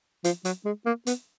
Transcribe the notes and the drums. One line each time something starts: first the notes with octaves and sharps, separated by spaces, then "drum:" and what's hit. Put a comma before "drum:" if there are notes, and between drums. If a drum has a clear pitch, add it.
F3, drum: hi-hat
F#3, drum: hi-hat
G#3
A#3
B3, drum: hi-hat